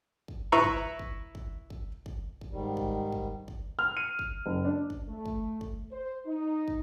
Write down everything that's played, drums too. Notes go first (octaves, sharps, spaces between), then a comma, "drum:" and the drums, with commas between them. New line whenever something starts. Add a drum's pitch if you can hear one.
drum: kick
E4 B4 E5 A#5 C#6
drum: kick
drum: kick
drum: kick
drum: kick
drum: kick
drum: kick
G#2 D#3 G3
drum: kick
drum: kick
drum: kick
F6
D#7
drum: kick
F#1
D4
drum: kick
A3
drum: kick
drum: kick
C5
D#4
drum: kick